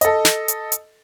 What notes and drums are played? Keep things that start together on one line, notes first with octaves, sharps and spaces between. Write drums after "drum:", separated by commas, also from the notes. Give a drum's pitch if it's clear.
A4 D#5, drum: hi-hat
drum: snare
drum: hi-hat
drum: hi-hat